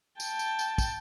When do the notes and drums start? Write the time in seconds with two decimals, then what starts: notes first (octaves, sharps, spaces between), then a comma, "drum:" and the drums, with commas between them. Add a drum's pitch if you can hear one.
0.20 G5 A5, drum: tambourine
0.39 drum: tambourine
0.59 drum: tambourine
0.78 drum: kick, tambourine